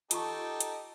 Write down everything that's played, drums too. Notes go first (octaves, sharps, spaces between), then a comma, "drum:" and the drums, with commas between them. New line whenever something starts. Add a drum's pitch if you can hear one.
D#4 F4 G4 A4 A5 C#6, drum: hi-hat
drum: hi-hat